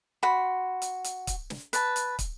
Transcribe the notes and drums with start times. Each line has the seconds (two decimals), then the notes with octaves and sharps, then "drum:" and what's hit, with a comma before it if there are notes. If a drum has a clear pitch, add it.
0.23 F#4 B5 C6
0.82 drum: hi-hat
1.04 drum: hi-hat
1.27 drum: kick, hi-hat
1.50 drum: snare
1.73 B4 A5, drum: hi-hat
1.96 drum: hi-hat
2.19 drum: kick, hi-hat